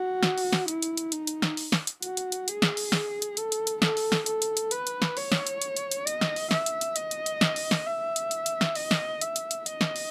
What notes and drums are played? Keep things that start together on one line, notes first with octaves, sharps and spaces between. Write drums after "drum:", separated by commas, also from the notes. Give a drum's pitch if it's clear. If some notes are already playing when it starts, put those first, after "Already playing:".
Already playing: F#4
drum: snare
drum: open hi-hat
drum: snare
E4, drum: hi-hat
drum: hi-hat
drum: hi-hat
D#4, drum: hi-hat
drum: hi-hat
drum: snare
drum: open hi-hat
drum: snare
drum: hi-hat
F#4, drum: hi-hat
drum: hi-hat
drum: hi-hat
G#4, drum: hi-hat
drum: snare
drum: open hi-hat
drum: snare
drum: hi-hat
A4, drum: hi-hat
drum: hi-hat
drum: hi-hat
A4, drum: snare
drum: open hi-hat
drum: snare
A4, drum: hi-hat
drum: hi-hat
drum: hi-hat
B4, drum: hi-hat
drum: hi-hat
drum: snare
C#5, drum: open hi-hat
drum: snare
drum: hi-hat
drum: hi-hat
drum: hi-hat
drum: hi-hat
D#5, drum: hi-hat
drum: snare
drum: open hi-hat
E5, drum: snare
drum: hi-hat
drum: hi-hat
D#5, drum: hi-hat
drum: hi-hat
drum: hi-hat
drum: snare
drum: open hi-hat
drum: snare
E5
drum: hi-hat
drum: hi-hat
drum: hi-hat
drum: snare
D#5, drum: open hi-hat
drum: snare
E5, drum: hi-hat
drum: hi-hat
drum: hi-hat
D#5, drum: hi-hat
drum: snare
drum: open hi-hat